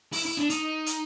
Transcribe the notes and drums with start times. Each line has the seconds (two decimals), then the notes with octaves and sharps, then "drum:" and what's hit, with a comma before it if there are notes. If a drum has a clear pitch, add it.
0.12 E4, drum: open hi-hat
0.25 E4
0.38 D4
0.50 D#4, drum: hi-hat
0.86 drum: hi-hat